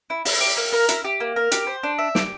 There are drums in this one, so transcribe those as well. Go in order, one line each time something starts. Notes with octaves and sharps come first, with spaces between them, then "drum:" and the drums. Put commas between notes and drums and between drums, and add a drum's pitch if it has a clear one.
E4
E4, drum: open hi-hat
G4
A#3
A#4
E4, drum: hi-hat
G4
A#3
A#4
G4, drum: hi-hat
C5
D4
E5
G4, drum: snare